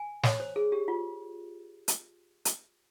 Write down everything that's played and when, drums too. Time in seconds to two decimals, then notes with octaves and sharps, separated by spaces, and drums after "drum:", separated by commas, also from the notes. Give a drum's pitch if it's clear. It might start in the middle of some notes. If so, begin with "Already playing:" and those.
Already playing: G#5
0.23 C#5, drum: snare
0.40 C5
0.56 G#4
0.72 G4
0.88 F4
1.88 drum: hi-hat
2.45 drum: hi-hat